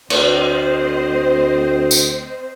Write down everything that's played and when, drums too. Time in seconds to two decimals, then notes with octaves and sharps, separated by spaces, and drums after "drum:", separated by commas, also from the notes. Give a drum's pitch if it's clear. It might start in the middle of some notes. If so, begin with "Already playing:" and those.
0.10 D2 C4 C5 D#5, drum: cymbal
1.91 drum: tambourine